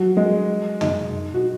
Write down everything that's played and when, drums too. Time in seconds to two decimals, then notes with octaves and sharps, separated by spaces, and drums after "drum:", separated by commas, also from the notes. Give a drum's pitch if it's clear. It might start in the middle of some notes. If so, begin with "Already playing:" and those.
Already playing: F#3
0.17 G#3
0.81 D#4, drum: tom
1.34 F#4